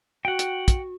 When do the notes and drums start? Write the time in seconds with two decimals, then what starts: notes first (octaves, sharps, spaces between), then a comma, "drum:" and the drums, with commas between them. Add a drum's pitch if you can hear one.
0.25 F#4 F#5 G5
0.39 drum: hi-hat
0.68 drum: kick, hi-hat